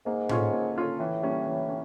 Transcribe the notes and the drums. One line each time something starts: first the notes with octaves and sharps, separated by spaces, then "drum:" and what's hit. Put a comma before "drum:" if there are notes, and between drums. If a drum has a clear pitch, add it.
G#2 A#3
C#4 F4 A4 C#5, drum: tom A2
A#3
C#4 F4 A4 C#5
A2 E3
G3 A#3 C#4
E3
C#4